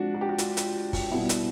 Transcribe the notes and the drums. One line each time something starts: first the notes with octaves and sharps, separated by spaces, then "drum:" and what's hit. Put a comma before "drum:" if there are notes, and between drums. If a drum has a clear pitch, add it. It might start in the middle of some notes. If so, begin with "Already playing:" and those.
Already playing: F3 G#3 C4 D4 F#4
F#4
G4
F#4
F4, drum: hi-hat
drum: hi-hat
drum: kick, open hi-hat
B2 G3 B3 E4
drum: hi-hat